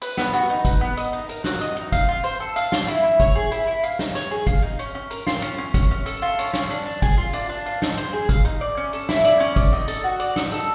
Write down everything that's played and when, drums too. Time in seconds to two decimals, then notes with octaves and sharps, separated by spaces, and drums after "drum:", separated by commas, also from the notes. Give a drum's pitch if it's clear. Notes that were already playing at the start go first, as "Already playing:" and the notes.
0.02 B4, drum: hi-hat
0.17 B3, drum: snare
0.33 F#4, drum: hi-hat
0.50 D#4
0.65 B4, drum: kick G1, hi-hat
0.81 B3
0.97 D#5, drum: hi-hat
1.13 D#4
1.29 A#4, drum: hi-hat
1.44 F#4, drum: snare
1.61 D#5, drum: hi-hat
1.77 D#4
1.92 F5, drum: kick G1, hi-hat
2.08 F4
2.24 C5, drum: hi-hat
2.40 A4
2.56 F5, drum: hi-hat
2.72 F4, drum: snare
2.88 E4, drum: hi-hat
3.03 E4
3.20 C#5, drum: kick G1, hi-hat
3.35 G#4
3.52 E4, drum: hi-hat
3.67 E4
3.84 F5, drum: hi-hat
3.99 D#4, drum: snare
4.15 C#5, drum: hi-hat
4.31 G#4
4.47 F5, drum: kick G1, hi-hat
4.62 D#4
4.79 C#4, drum: hi-hat
4.95 C#4
5.11 A#4, drum: hi-hat
5.27 F4, drum: snare
5.42 C#4, drum: hi-hat
5.58 C#4
5.74 C#4, drum: kick G1, hi-hat
5.91 C#4
6.06 A4, drum: hi-hat
6.22 F4
6.39 C#4, drum: hi-hat
6.53 C#4, drum: snare
6.70 D4, drum: hi-hat
6.86 D4
7.02 G#4, drum: kick G1, hi-hat
7.18 F4
7.33 D4, drum: hi-hat
7.49 D4
7.66 F5, drum: hi-hat
7.82 D#4, drum: snare
7.97 C5, drum: hi-hat
8.13 G#4
8.29 F5, drum: kick G1, hi-hat
8.45 D#4
8.61 D5
8.77 C#4
8.93 A4, drum: hi-hat
9.09 E4, drum: snare
9.25 D5, drum: hi-hat
9.40 C#4
9.56 D5, drum: kick G1, hi-hat
9.73 D#4
9.88 A4, drum: hi-hat
10.04 F#4
10.20 D5, drum: hi-hat
10.36 D#4, drum: snare
10.52 A4, drum: hi-hat